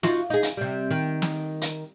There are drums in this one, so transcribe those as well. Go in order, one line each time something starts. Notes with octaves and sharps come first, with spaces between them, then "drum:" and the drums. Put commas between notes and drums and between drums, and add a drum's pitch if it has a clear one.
D#4 F4 F#4, drum: snare
D#4 G#4
drum: hi-hat
C3 G3
D#3
drum: snare
drum: hi-hat